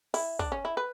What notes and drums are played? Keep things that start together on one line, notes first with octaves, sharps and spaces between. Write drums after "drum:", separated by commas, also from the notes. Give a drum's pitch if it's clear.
E4, drum: open hi-hat
D4, drum: kick
C#4
E4
B4